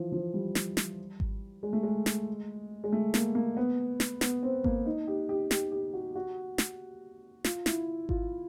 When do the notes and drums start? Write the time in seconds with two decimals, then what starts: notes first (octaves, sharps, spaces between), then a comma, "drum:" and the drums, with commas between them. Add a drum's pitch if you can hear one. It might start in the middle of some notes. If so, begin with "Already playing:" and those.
Already playing: E3 F3
0.12 F3
0.34 G3
0.55 drum: snare
0.77 drum: snare
1.20 drum: kick G#1
1.63 G#3
1.73 A3
1.83 G#3
2.06 drum: snare
2.84 G#3
2.92 A3
3.14 A#3, drum: snare
3.35 A#3
3.57 B3
4.00 drum: snare
4.21 B3, drum: snare
4.43 C4
4.64 A#3, drum: kick G#1
4.86 D#4
5.08 G4
5.29 G4
5.51 G4, drum: snare
5.72 G4
5.94 F#4
6.16 F#4
6.58 drum: snare
7.44 F4, drum: snare
7.66 E4, drum: snare
8.09 F4, drum: kick G#1